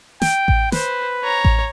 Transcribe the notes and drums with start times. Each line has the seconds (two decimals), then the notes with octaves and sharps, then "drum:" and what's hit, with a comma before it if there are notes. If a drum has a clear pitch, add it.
0.22 G5, drum: snare
0.48 drum: kick A1
0.72 B4 C5, drum: snare
1.24 C#5 A#5
1.45 drum: kick A1